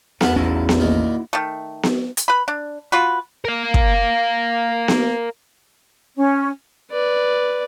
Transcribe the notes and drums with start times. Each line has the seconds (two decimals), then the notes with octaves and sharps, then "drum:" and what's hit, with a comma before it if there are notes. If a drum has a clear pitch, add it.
0.21 E2 A3 B4 F5 F#5 A5, drum: snare B3
0.36 A1 C#4 D#4 E4 F#4
0.69 drum: snare B3
0.80 A#2 D#3 A#3
1.33 D#3 A3
1.83 drum: snare B3
2.17 drum: hi-hat
2.28 B4 B5
2.48 D4
2.92 F4 F#4 B4
3.45 A#4 F5
3.74 drum: kick
4.88 drum: snare B3
6.16 C#4
6.91 B4 D5